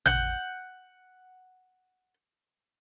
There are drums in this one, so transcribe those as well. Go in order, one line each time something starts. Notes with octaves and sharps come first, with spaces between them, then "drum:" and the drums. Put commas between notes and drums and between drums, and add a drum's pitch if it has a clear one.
F#5 G6, drum: tom A1